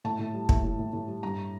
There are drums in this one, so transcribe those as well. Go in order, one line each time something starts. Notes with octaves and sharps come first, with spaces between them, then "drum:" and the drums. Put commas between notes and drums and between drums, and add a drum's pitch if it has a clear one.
A2 A5
A2
G3
A2, drum: kick
A2
A2
A2
G3
G2 A#5